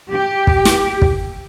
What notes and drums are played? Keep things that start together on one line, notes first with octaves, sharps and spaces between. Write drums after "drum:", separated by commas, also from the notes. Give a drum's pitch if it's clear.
G4
drum: kick
drum: snare
drum: kick